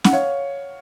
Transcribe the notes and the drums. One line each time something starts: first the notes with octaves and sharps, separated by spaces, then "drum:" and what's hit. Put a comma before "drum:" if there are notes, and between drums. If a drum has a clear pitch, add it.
F#5, drum: snare C#4
C#5 F5